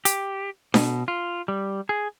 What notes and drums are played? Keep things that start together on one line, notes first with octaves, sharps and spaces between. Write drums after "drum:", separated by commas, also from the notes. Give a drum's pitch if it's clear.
G4, drum: hi-hat
B2, drum: snare D4
F4
G3
G#4